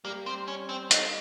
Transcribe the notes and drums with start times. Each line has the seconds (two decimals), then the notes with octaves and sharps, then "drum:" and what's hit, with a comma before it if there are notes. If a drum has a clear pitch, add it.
0.05 G3 A#3 G4
0.26 C4
0.48 C#4
0.69 C4
0.91 D#4, drum: hi-hat